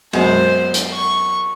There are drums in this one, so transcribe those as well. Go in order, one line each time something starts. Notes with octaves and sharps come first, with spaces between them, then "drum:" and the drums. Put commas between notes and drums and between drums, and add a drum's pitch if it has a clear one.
F#2 B2 G#3 C5, drum: cymbal
drum: hi-hat
C#6